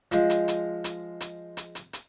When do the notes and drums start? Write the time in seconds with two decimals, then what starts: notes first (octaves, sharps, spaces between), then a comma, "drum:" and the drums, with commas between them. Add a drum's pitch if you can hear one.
0.12 F3 G#3, drum: hi-hat
0.30 drum: hi-hat
0.48 drum: hi-hat
0.84 drum: hi-hat
1.21 drum: hi-hat
1.57 drum: hi-hat
1.75 drum: hi-hat
1.93 drum: hi-hat